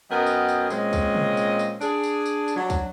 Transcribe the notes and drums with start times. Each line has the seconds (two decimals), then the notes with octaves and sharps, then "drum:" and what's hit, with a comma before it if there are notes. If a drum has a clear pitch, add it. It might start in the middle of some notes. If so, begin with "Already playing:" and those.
0.11 F#2 F#3 B3 A#4 D#5 G5
0.26 drum: tambourine
0.49 drum: tambourine
0.70 A#2 G#3 C4 C#4 D#5, drum: tambourine
0.93 drum: kick, tambourine
1.15 drum: tom C3
1.37 drum: tambourine
1.59 drum: tambourine
1.81 D4 G#4, drum: tambourine
2.03 drum: tambourine
2.26 drum: tambourine
2.48 drum: tambourine
2.57 F#3 D4
2.70 drum: kick, tambourine